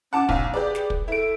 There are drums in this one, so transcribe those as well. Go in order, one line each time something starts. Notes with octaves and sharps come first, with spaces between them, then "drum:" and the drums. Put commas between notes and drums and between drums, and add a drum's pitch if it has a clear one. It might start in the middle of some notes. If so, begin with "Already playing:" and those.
C#4 F#5 A5 D6
B1 F5, drum: kick
G4 G#4 B4 D5
drum: snare
drum: kick
E4 A4 D7